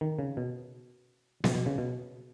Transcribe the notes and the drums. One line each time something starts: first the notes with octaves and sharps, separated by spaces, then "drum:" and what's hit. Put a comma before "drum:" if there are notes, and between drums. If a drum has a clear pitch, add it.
D#3
C#3
B2
B2, drum: snare B3
B2
C#3
B2